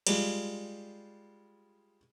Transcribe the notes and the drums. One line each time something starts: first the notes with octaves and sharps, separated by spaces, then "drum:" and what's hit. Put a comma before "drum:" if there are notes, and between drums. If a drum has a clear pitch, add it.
G3 G#3 F4, drum: cymbal